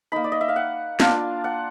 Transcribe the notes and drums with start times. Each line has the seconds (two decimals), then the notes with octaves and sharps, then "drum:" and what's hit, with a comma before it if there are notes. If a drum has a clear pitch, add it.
0.12 A#3 D#4 B5
0.24 D5
0.32 D#5
0.41 E5
0.48 F5
0.56 F#5
1.00 A#3 D4 F4 F5, drum: snare
1.44 F#5